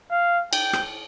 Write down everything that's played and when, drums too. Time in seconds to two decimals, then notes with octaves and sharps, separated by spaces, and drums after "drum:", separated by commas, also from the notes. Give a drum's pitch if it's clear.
0.10 F5
0.53 G5, drum: cymbal
0.73 drum: rim click